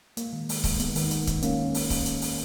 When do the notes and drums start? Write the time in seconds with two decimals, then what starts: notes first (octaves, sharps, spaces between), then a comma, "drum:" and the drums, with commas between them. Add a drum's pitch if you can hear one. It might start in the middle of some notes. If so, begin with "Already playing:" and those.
0.17 G#3 A#3, drum: hi-hat
0.33 D#3
0.49 G#3, drum: open hi-hat
0.64 D#3, drum: kick C#1, open hi-hat
0.80 G#3 B3, drum: hi-hat
0.95 D#3, drum: open hi-hat
1.11 G#3, drum: hi-hat
1.27 D#3, drum: kick C#1, hi-hat
1.42 G#3 A#3 C#4, drum: hi-hat
1.58 D#3
1.74 drum: open hi-hat
1.90 drum: kick C#1, open hi-hat
2.06 drum: hi-hat
2.22 drum: open hi-hat